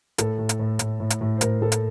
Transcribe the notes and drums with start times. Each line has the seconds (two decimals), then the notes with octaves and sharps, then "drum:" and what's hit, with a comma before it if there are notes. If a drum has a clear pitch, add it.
0.18 A2 A4, drum: hi-hat
0.38 A2
0.49 drum: hi-hat
0.59 A2
0.79 A2, drum: hi-hat
1.00 A2
1.10 drum: hi-hat
1.21 A2
1.37 C5
1.41 A2 A#4, drum: hi-hat
1.61 A2 A4
1.72 drum: hi-hat